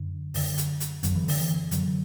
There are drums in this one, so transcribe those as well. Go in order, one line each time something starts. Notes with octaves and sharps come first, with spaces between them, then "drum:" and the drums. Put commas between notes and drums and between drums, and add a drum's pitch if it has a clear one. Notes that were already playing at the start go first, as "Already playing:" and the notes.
Already playing: F#2 D3
F#2 D3, drum: open hi-hat
drum: hi-hat
drum: hi-hat
F#2 D3 F#3, drum: kick, hi-hat
E3
D3, drum: open hi-hat
E3
F#2 D3 F#3, drum: hi-hat